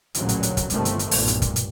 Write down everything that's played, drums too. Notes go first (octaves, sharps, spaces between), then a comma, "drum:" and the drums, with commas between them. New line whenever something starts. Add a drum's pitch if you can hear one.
A1 D2 A#2 C#3 F#3, drum: hi-hat
drum: hi-hat
drum: hi-hat
drum: kick, hi-hat
G1 A2 C3 D#3 F3 A3, drum: hi-hat
drum: hi-hat
drum: hi-hat
B1 G2 A#2, drum: open hi-hat
drum: hi-hat
drum: kick, hi-hat
drum: hi-hat